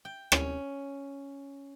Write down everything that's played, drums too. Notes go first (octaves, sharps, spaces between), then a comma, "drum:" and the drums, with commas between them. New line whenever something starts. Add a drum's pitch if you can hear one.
G5
C#4, drum: rim click